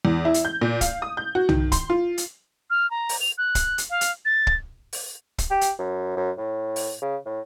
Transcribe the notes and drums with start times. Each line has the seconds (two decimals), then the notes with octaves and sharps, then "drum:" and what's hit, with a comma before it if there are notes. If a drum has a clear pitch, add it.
0.05 E2
0.25 E4
0.34 drum: hi-hat
0.45 G6
0.62 A#2
0.81 F5, drum: kick, hi-hat
1.02 D#6
1.17 G6
1.35 F#4
1.49 D#3, drum: tom
1.72 C6, drum: kick, hi-hat
1.90 F4
2.18 drum: hi-hat
2.70 F6
2.91 A#5
3.09 drum: open hi-hat
3.21 F7
3.38 F#6
3.55 drum: kick, hi-hat
3.78 drum: hi-hat
3.90 F5
4.01 drum: hi-hat
4.25 A6
4.47 drum: kick
4.93 drum: open hi-hat
5.38 drum: kick, hi-hat
5.50 G4
5.61 drum: hi-hat
5.79 F#2
6.17 F#2
6.38 A2
6.76 drum: open hi-hat
7.02 C#3
7.26 A2